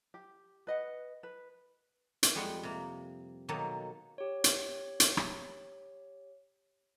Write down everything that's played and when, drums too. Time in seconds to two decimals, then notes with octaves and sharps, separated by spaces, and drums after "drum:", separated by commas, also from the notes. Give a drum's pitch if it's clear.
0.14 G4
0.67 B4 D#5 F#5
1.23 B4
2.23 drum: hi-hat
2.35 F2 G3 G#3 F#5
2.63 C3 A#3
3.49 B2 D#3 F#3 A#3 A4
4.18 G4 C#5
4.44 drum: hi-hat
5.00 drum: hi-hat
5.17 drum: rim click